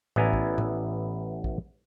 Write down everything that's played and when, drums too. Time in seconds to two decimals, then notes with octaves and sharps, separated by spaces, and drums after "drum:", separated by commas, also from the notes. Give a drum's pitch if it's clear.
0.16 A1 B3 E4 D5 G#5 A#5, drum: tom A2
0.33 drum: kick A#1
0.58 drum: tom A2
1.44 drum: kick A#1